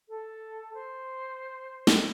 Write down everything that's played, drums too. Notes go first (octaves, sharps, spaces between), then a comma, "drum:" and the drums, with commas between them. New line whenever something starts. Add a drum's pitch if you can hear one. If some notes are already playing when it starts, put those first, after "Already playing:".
A4
C5
drum: snare